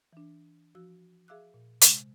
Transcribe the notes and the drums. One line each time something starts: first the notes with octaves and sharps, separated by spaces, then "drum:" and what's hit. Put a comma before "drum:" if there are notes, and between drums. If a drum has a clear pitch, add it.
E3 D4
F3 F#4 E6
G#4 E5 F5 D6 E6 F#6
A#2
C3 G#3, drum: hi-hat